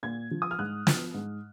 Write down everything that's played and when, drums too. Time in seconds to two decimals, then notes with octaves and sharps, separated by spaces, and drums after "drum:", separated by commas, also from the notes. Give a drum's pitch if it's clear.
0.03 A#2 G#6
0.31 F3
0.42 D#6
0.51 F6
0.59 G#2 F#6
0.87 F3, drum: snare
1.14 G#2